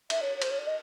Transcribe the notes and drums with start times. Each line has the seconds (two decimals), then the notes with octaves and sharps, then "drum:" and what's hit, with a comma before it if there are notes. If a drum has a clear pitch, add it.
0.10 E5, drum: cymbal
0.21 C#5
0.36 C#5
0.42 C5, drum: cymbal
0.50 C#5
0.58 D5
0.67 D#5